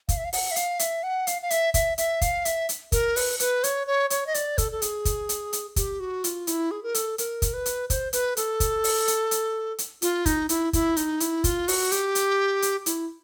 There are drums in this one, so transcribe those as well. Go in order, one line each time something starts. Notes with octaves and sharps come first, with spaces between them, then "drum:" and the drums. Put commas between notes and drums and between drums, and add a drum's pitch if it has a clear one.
F5, drum: kick, hi-hat
E5
F5
F#5, drum: open hi-hat
E5
F5, drum: hi-hat
E5, drum: hi-hat
F#5
F5, drum: hi-hat
F5
E5, drum: hi-hat
E5, drum: kick, hi-hat
E5, drum: hi-hat
F5, drum: kick, hi-hat
E5, drum: hi-hat
drum: hi-hat
A#4, drum: kick, hi-hat
B4, drum: open hi-hat
B4, drum: hi-hat
C#5, drum: hi-hat
C#5
C#5, drum: hi-hat
D#5
D5, drum: hi-hat
A4, drum: kick, hi-hat
A4
G#4, drum: hi-hat
drum: kick, hi-hat
drum: hi-hat
drum: hi-hat
G4, drum: kick, hi-hat
F#4
F4, drum: hi-hat
E4, drum: hi-hat
G#4
A#4
A4, drum: hi-hat
A#4, drum: hi-hat
drum: kick, hi-hat
B4
drum: hi-hat
C5, drum: kick, hi-hat
B4, drum: hi-hat
A4, drum: hi-hat
drum: kick, hi-hat
drum: open hi-hat
drum: hi-hat
drum: hi-hat
drum: hi-hat
F4, drum: hi-hat
D#4, drum: kick, hi-hat
E4, drum: hi-hat
E4, drum: kick, hi-hat
D#4, drum: hi-hat
E4, drum: hi-hat
F4, drum: kick, hi-hat
F#4, drum: open hi-hat
G4, drum: hi-hat
drum: hi-hat
drum: hi-hat
E4, drum: hi-hat